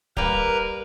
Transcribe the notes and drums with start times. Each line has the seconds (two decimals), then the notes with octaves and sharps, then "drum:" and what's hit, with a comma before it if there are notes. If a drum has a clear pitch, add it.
0.17 G3 A#3 A#4 B4 A#5, drum: kick